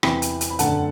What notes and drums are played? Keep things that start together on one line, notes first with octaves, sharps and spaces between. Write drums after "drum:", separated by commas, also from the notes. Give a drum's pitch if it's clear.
E2 C3 E3 G5 B5, drum: rim click
drum: hi-hat
drum: hi-hat
B5
F#2 D3 A3 F#5 A5, drum: hi-hat